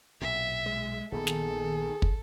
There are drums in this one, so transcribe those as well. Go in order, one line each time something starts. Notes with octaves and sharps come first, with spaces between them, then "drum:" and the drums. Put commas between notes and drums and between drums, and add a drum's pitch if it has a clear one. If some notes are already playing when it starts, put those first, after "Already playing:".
B1 A#2 E5
G#3
A#1 D#3 A#3 B3 G#4 A4
drum: snare
drum: kick